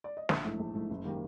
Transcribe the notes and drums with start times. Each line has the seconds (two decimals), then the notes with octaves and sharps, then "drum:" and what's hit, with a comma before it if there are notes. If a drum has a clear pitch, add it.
0.04 D5
0.17 D#5
0.29 A#1 E5, drum: snare
0.44 G#2 E3 A3
0.59 A#1
0.74 G#2 E3 A3
0.90 F#1
1.05 D#3 G3 A#3